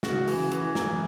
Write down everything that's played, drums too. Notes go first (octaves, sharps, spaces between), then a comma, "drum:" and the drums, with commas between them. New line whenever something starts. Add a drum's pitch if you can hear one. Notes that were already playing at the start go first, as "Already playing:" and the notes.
C#3 F#4, drum: snare
E3, drum: open hi-hat
E3, drum: hi-hat
F#2, drum: snare